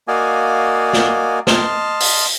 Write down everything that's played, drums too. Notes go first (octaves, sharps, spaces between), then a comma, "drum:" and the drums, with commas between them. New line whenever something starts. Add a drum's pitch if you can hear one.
A#3 F#4 D5 D#5 F5 G#5
drum: snare
D#5 A5 C6 F6, drum: snare
drum: open hi-hat